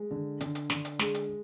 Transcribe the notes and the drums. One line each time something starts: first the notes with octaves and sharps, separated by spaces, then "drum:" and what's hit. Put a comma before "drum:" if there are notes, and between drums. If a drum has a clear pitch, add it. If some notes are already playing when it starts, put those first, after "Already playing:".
Already playing: G#3
D3
D3, drum: hi-hat
drum: hi-hat
D3, drum: snare
drum: hi-hat
G#3, drum: snare
drum: hi-hat